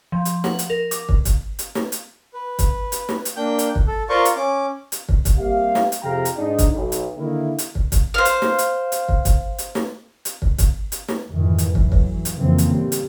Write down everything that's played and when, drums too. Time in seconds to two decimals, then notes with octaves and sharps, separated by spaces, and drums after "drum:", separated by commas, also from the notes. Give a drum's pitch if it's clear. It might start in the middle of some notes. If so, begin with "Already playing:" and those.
0.12 F3
0.25 drum: hi-hat
0.44 F#5, drum: snare
0.59 drum: hi-hat
0.70 A#4
0.91 D6, drum: hi-hat
1.09 drum: kick
1.25 drum: kick, hi-hat
1.59 drum: hi-hat
1.75 drum: snare
1.92 drum: hi-hat
2.34 B4
2.59 drum: kick, hi-hat
2.92 drum: hi-hat
3.09 drum: snare
3.25 drum: hi-hat
3.36 A#3 D4 G5 G6
3.59 drum: hi-hat
3.75 drum: kick
3.87 A4
4.09 F4 A#4 C5 D5 F5 C#6
4.25 drum: hi-hat
4.36 C#4 D6
4.92 drum: hi-hat
5.09 drum: kick
5.25 drum: kick, hi-hat
5.38 G3 A#3 C4 G4 E5 F5
5.75 drum: snare
5.92 drum: hi-hat
6.02 F2 C3 G#4 F5 G5 A#5
6.25 drum: hi-hat
6.36 G#2 D4 D#4
6.59 drum: kick, hi-hat
6.74 B1
6.92 drum: hi-hat
7.17 D3 D#3 A#3 E4
7.58 drum: hi-hat
7.75 drum: kick
7.92 drum: kick, hi-hat
8.14 C5 F5
8.25 drum: hi-hat
8.42 drum: snare
8.58 drum: hi-hat
8.92 drum: hi-hat
9.08 drum: kick
9.25 drum: kick, hi-hat
9.58 drum: hi-hat
9.75 drum: snare
10.25 drum: hi-hat
10.42 drum: kick
10.58 drum: kick, hi-hat
10.92 drum: hi-hat
11.08 drum: snare
11.30 F2 G#2 D#3 E3
11.58 drum: hi-hat
11.75 A2 E3 F#3, drum: kick
11.92 drum: kick
12.25 drum: hi-hat
12.37 F2 C#3 E3 F3 A#3 C4
12.58 drum: hi-hat
12.74 A2 G3
12.92 drum: hi-hat